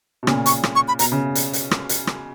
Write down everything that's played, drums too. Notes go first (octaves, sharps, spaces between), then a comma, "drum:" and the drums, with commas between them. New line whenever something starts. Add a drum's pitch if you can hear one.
B2
A#2 C#3, drum: rim click
C#6, drum: hi-hat
drum: rim click
C#6
B5
B2 A#5, drum: hi-hat
C#3
drum: hi-hat
drum: hi-hat
drum: rim click
drum: hi-hat
drum: rim click